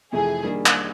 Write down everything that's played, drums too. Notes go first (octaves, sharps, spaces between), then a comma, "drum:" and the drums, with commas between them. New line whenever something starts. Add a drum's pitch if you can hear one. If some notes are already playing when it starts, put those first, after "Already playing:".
F2 C3 E3 A3 G#4
D#3 G3 A#3 D4
drum: clap